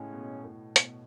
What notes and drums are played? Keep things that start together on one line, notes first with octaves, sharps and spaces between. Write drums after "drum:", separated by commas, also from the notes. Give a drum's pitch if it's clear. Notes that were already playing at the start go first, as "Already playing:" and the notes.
Already playing: A2 C#3 G#3 C#4
B2
A2
B2, drum: hi-hat